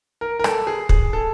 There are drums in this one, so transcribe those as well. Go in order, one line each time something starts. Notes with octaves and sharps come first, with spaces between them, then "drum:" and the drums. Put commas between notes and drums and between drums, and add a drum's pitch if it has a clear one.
A#4
A#4
A4, drum: rim click
G#4
G#4, drum: kick
A4